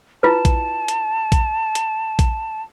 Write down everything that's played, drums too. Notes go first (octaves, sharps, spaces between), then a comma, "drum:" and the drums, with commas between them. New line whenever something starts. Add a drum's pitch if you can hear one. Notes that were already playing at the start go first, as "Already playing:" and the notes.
E4 F4 B4 A5
drum: kick A#1, hi-hat
drum: hi-hat
drum: kick A#1, hi-hat
drum: hi-hat
drum: kick A#1, hi-hat